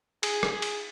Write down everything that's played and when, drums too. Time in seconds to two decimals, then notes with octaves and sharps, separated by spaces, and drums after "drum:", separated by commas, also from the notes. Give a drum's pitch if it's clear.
0.23 G#4, drum: cymbal
0.43 drum: rim click
0.52 G#4
0.62 drum: cymbal